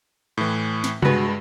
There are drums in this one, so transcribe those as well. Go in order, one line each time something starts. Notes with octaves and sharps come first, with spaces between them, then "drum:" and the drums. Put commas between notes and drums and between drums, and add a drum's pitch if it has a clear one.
A2 E3
drum: snare
G2 G#3 F#4 B4, drum: tom C3